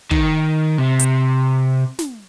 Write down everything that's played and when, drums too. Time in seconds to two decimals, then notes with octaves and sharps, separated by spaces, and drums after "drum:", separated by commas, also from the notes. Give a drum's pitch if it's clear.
0.11 D#3, drum: kick
0.78 C3
0.99 drum: hi-hat
1.99 drum: snare